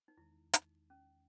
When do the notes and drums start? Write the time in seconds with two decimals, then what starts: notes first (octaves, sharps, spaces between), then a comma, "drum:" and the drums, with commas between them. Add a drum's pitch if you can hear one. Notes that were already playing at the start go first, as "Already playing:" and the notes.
0.08 D#4
0.17 E2 D#3 G#3 E4
0.53 D#4, drum: hi-hat
0.90 C#4